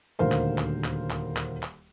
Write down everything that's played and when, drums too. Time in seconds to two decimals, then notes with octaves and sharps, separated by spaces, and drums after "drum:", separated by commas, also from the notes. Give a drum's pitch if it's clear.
0.19 D#1 D2 A#4 C5 F5
0.32 drum: clap
0.58 drum: clap
0.84 drum: clap
1.10 drum: clap
1.37 drum: clap
1.63 drum: clap